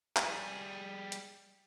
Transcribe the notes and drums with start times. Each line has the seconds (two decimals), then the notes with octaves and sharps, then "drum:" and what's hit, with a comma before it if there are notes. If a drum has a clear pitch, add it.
0.17 G3 G#4, drum: clap
1.12 drum: hi-hat